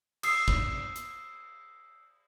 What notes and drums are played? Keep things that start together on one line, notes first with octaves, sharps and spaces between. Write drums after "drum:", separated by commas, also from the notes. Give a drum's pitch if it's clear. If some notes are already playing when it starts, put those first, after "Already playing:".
D#6 E6 C7, drum: cymbal
drum: kick
drum: hi-hat